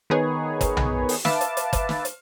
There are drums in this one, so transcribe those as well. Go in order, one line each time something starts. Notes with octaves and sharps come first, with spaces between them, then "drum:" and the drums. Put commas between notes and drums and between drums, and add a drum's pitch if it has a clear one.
D#3 B3 D#4 G#4 B4 C#5
drum: kick, hi-hat
drum: tom B1
drum: open hi-hat
B4 E5 F5 A5 D6, drum: snare
drum: hi-hat
drum: hi-hat
drum: kick, hi-hat
drum: snare
drum: hi-hat